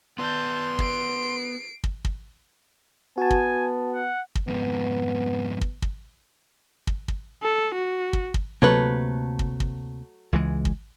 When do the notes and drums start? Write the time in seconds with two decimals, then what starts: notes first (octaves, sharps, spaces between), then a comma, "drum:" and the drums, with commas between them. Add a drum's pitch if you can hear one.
0.19 B3 B4 D5 A5 C6 G6
0.79 C7 D7, drum: kick
1.84 drum: kick
2.05 drum: kick
3.18 B3 F#4 G#5 A5
3.30 drum: kick
3.93 F#5
4.35 drum: kick
4.48 F2 G#2 B3
5.61 drum: kick
5.82 drum: kick
6.87 drum: kick
7.08 drum: kick
7.43 A4
7.75 F#4
8.13 drum: kick
8.34 drum: kick
8.62 D2 C3 F#3 A3 A#3 B4
9.39 drum: kick
9.60 drum: kick
10.33 C#2 E3 G#3
10.65 drum: kick